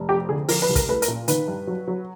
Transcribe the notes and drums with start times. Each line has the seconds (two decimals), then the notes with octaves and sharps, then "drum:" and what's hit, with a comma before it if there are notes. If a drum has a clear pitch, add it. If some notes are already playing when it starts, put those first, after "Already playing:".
Already playing: F1
0.09 F2 G4
0.29 D3 G#4
0.48 F3 A#4, drum: open hi-hat
0.62 B4
0.69 C2
0.75 A#4, drum: kick, hi-hat
0.89 A3 B4
1.02 A#4, drum: hi-hat
1.08 A#2
1.28 D#3 B4, drum: hi-hat
1.48 G2
1.67 F#3
1.88 F#3